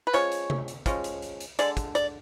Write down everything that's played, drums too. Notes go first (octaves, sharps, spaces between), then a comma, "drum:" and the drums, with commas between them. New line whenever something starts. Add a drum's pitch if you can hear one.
B4
F3 G#3 C#4 C#5, drum: hi-hat
drum: hi-hat
drum: tom C3
drum: hi-hat
F3 G#3 C#4, drum: kick, hi-hat
drum: hi-hat
drum: hi-hat
drum: hi-hat
D3 G#3 D4 D5, drum: hi-hat
drum: kick, hi-hat
D5, drum: hi-hat